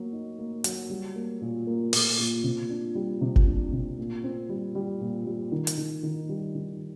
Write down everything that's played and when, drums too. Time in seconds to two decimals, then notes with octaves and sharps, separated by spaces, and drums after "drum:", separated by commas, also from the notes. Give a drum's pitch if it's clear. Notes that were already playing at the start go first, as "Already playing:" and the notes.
Already playing: F#3 A#3
0.13 D#4
0.39 A#3
0.64 F#3, drum: hi-hat
0.90 G3
1.16 A#3
1.41 A#2
1.67 A#3
1.93 A#2, drum: open hi-hat
2.18 A#2
2.44 C3
2.70 D4
2.95 G3
3.21 C3
3.36 drum: kick F#1
3.46 D4
3.72 C3
3.99 A#2
4.24 C4
4.49 G3
4.75 G3
5.01 A#2
5.26 G3
5.52 D#3
5.67 drum: hi-hat
5.78 D#3
6.03 D#3
6.29 G3
6.55 D#3